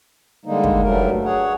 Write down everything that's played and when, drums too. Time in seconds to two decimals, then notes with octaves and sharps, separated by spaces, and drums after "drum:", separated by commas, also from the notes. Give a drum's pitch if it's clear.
0.45 D3 G3 G#3 A#3 D#4
0.64 drum: kick
0.82 G2 F#3 G3 A3 A#4
1.25 G#4 C#5 F#5